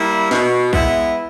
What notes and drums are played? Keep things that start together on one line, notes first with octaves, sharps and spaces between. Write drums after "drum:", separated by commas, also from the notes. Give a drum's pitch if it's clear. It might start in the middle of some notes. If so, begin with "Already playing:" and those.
Already playing: G3 A#3 E4
B2, drum: snare
G#3 B3 E4, drum: kick